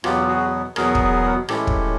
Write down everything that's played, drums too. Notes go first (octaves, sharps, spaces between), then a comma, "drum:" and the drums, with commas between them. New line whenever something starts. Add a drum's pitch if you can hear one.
E2 B2 F#3 B3 F4 G4, drum: rim click
F#4 G#4
E2 B2 F#3 B3 G#4 A#4, drum: rim click
drum: kick
A2 E3 G#3 C#4 E4 G4 A4, drum: rim click
drum: kick